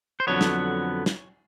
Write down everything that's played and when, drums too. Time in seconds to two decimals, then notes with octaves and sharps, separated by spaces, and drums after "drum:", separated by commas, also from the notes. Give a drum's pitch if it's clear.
0.20 C5
0.27 F2 D3 F#3 B3 C#5
0.41 drum: snare
1.06 drum: snare